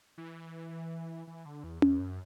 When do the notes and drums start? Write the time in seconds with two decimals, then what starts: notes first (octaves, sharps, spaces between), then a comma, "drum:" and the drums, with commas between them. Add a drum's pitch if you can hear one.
0.18 E3
1.27 E3
1.46 D3
1.64 E2
1.82 E2, drum: tom C#4
2.00 F#2